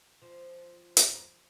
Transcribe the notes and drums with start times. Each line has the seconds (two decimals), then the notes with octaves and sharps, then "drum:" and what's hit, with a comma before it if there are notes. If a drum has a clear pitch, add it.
0.22 F3
0.97 drum: hi-hat